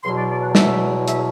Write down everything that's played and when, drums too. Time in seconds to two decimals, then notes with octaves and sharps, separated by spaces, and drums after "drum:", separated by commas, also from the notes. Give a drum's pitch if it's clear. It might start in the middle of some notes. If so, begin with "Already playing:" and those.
0.03 E2 B2 F#3 C6
0.17 D5
0.30 D5
0.42 F#5
0.55 E5, drum: snare
1.08 E5, drum: hi-hat